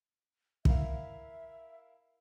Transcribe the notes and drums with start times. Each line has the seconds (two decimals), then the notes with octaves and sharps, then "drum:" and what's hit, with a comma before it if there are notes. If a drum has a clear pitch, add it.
0.65 E4 A#4 E5 F5, drum: kick